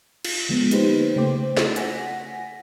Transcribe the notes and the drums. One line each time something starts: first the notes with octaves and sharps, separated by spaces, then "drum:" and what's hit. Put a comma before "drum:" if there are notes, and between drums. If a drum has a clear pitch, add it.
F4, drum: cymbal
D3 F3 G#3 B3
A#3 D#4 G4 B4 C5, drum: hi-hat
C#3 A3 C5 G5 D6
A6, drum: snare
F#5 G#5 A#6 B6, drum: hi-hat